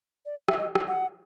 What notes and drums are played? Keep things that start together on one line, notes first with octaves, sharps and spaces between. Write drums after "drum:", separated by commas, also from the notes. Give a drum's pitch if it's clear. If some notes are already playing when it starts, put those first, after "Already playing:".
D5
E5, drum: rim click
D#5
drum: rim click
F#5